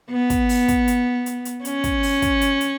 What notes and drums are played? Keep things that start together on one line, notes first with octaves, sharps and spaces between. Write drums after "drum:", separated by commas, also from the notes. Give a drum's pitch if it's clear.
B3
drum: kick, hi-hat
drum: open hi-hat
drum: kick, hi-hat
drum: hi-hat
drum: hi-hat
drum: hi-hat
C#4, drum: hi-hat
drum: kick, hi-hat
drum: open hi-hat
drum: kick, hi-hat
drum: hi-hat
drum: hi-hat